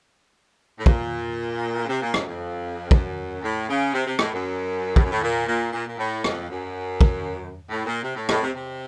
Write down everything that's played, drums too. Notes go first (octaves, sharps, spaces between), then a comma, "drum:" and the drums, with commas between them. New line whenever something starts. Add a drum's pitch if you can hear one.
A2
A#2, drum: kick
C#3
C3
A#2
F#2, drum: rim click
F2
F#2, drum: kick
A2
C#3
C3
C3
A2, drum: rim click
F#2
A2, drum: kick
F#2
A2
A#2
A#2
A#2
A#2
A2
F2, drum: rim click
F#2
drum: kick
A2
A#2
C3
A2
A2, drum: rim click
C3
C3